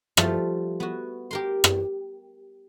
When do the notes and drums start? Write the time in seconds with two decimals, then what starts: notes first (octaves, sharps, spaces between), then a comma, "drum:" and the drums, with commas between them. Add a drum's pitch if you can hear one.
0.17 F3 G3 A3 F4 A4, drum: rim click
0.80 B3 F#4
1.31 G4 A#4 C6
1.64 drum: rim click